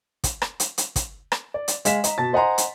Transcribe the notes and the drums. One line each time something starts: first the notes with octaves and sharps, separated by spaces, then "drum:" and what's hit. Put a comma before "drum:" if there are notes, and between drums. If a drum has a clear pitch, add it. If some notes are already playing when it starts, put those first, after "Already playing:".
drum: kick, hi-hat
drum: rim click
drum: hi-hat
drum: hi-hat
drum: kick, hi-hat
drum: rim click
D5
drum: hi-hat
G#3 F5 B6 E7, drum: hi-hat
D#5 A#5, drum: hi-hat
B2 A5 A6
C5 D#5 F#5 G#5 A#5 C6
drum: hi-hat